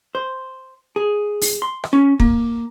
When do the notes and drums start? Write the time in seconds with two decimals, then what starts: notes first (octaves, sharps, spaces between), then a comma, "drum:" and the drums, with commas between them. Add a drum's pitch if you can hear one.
0.15 C5
0.96 G#4
1.41 drum: open hi-hat
1.62 C6
1.84 drum: rim click
1.93 C#4
2.20 A#3, drum: kick